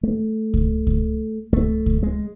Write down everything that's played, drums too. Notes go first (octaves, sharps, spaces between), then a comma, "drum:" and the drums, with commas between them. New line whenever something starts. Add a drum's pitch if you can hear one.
A3
drum: kick C#2
drum: kick C#2
A3, drum: kick C#2
drum: kick C#2
G#3